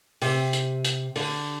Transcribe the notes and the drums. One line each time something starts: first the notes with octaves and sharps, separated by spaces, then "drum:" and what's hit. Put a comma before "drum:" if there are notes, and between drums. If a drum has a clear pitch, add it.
C3, drum: open hi-hat
drum: hi-hat
drum: hi-hat
D3, drum: open hi-hat